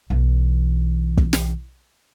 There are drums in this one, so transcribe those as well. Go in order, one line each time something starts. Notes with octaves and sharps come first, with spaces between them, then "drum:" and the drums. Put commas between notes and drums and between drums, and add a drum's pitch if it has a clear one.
B1 E3
drum: kick
drum: snare